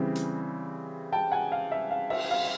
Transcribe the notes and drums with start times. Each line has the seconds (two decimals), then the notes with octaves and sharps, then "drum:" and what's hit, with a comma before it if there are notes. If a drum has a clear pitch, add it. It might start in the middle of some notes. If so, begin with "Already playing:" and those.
Already playing: C#3 E3 G3 C4
0.15 drum: hi-hat
1.12 G5 A5
1.32 F#5 G#5
1.52 F5
1.72 E5
1.91 F5
2.10 E5, drum: cymbal
2.31 F5